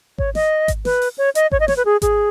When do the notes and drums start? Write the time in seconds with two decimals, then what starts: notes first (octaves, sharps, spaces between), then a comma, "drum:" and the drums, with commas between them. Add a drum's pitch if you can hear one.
0.18 C#5, drum: kick G#1
0.35 D#5, drum: snare
0.68 drum: kick G#1, hi-hat
0.85 B4, drum: snare
1.02 drum: open hi-hat
1.18 C#5
1.35 D#5, drum: hi-hat
1.52 C#5, drum: kick G#1
1.60 D#5
1.68 C#5, drum: snare
1.77 B4
1.85 G#4
2.02 G#4, drum: kick G#1, hi-hat